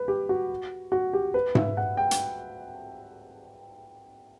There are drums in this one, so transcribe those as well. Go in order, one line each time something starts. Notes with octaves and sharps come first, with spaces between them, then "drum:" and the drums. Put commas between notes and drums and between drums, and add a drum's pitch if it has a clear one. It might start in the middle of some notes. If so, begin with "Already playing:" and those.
Already playing: B4
G4
F#4
F#4
G4
B4
E5, drum: tom G#2
F#5
G5
drum: hi-hat